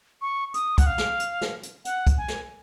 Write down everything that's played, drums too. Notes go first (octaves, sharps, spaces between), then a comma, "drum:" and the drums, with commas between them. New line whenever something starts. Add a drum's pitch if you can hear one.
C#6
D#6, drum: hi-hat
F#5, drum: kick, hi-hat
F5
drum: snare
drum: hi-hat
drum: snare
drum: hi-hat
F#5, drum: hi-hat
drum: kick, hi-hat
G#5
drum: snare